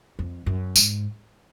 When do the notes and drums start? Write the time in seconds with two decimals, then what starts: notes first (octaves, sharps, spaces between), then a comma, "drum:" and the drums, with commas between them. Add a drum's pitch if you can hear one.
0.19 F2
0.46 F#2
0.76 G#2, drum: tambourine